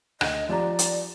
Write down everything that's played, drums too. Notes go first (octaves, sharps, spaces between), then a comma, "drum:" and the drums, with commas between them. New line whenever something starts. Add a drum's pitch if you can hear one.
D2 D#5, drum: rim click
F3 G4 D5 A#5
drum: hi-hat